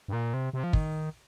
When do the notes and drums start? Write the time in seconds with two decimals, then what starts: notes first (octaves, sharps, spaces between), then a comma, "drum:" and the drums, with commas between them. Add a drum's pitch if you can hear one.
0.08 G2
0.13 A#2
0.34 C3
0.53 C3
0.64 F3
0.73 D#3, drum: kick